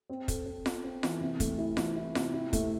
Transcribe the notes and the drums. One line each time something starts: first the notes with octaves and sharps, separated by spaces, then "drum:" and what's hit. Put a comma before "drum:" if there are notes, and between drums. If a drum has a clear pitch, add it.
C4
A4, drum: kick, hi-hat
C4
C4, drum: snare F4
C4
E3, drum: snare F4
C3
A3, drum: kick, hi-hat
E4
E3, drum: snare F4
E4
C3, drum: snare F4
E4
A3, drum: kick, hi-hat